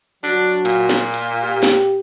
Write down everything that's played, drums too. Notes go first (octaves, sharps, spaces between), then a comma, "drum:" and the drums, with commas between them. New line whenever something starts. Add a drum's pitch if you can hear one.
F#3 D4 F#4
A#2, drum: hi-hat
drum: snare
drum: hi-hat
G4
drum: snare